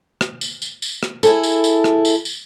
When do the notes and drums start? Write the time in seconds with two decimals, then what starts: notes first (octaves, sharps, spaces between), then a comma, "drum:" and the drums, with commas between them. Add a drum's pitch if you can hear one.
0.21 drum: rim click
0.41 drum: tambourine
0.62 drum: tambourine
0.82 drum: tambourine
1.03 drum: rim click
1.23 E4 G#4 A4, drum: tambourine
1.43 drum: tambourine
1.64 drum: tambourine
1.84 drum: rim click
2.05 drum: tambourine
2.25 drum: tambourine